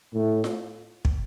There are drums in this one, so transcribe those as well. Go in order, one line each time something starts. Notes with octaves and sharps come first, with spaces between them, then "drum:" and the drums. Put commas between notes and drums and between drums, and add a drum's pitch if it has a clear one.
A2
drum: snare F4
drum: kick